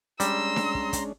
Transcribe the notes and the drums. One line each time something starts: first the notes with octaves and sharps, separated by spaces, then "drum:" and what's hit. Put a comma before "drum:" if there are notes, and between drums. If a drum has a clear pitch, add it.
G3 G#3 C#4 D4 A#5 C6 E6, drum: hi-hat
drum: snare D4
drum: kick
drum: kick, hi-hat